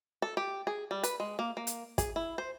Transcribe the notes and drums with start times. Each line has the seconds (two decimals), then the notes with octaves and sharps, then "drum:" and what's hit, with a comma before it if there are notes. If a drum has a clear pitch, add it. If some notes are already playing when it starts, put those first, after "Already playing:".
0.22 A4
0.37 G4
0.67 G#4
0.91 G3
1.03 B4, drum: hi-hat
1.20 G#3
1.39 A#3
1.57 A#3
1.67 drum: hi-hat
1.98 G#4, drum: kick, hi-hat
2.16 E4
2.38 C5